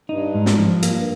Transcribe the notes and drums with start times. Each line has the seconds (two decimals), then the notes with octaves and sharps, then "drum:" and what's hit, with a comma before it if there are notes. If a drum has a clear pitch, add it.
0.09 G2 D#4
0.35 G#2
0.46 drum: snare
0.58 F3
0.83 A#3, drum: hi-hat